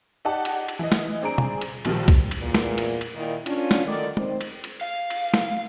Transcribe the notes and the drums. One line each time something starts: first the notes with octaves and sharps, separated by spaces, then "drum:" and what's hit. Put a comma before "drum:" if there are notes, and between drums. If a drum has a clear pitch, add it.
D#4 G4 D5 F#5 A5
drum: cymbal
drum: cymbal
E3 D#5
drum: snare
C4 D4 G#4 A#5 D7
drum: tom B2
drum: cymbal
A#1 B2 D#3 F3 G3, drum: cymbal
drum: kick B1, cymbal
drum: cymbal
E2 A#2
drum: snare
drum: cymbal
drum: cymbal
A#2 D#3 E4
C#4 D4 F4, drum: cymbal
drum: snare
D3 D#3 D5
D#3 C4, drum: tom
drum: cymbal
drum: cymbal
F5
drum: cymbal
drum: snare